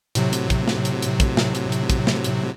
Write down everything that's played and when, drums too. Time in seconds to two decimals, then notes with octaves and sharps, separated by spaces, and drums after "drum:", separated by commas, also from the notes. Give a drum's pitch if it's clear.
0.15 A2 C3 F#3, drum: hi-hat
0.33 drum: hi-hat
0.50 drum: kick, hi-hat
0.68 drum: snare
0.85 drum: hi-hat
1.02 drum: hi-hat
1.20 drum: kick, hi-hat
1.37 drum: snare
1.55 drum: hi-hat
1.72 drum: hi-hat
1.90 drum: kick, hi-hat
2.07 drum: snare
2.24 drum: hi-hat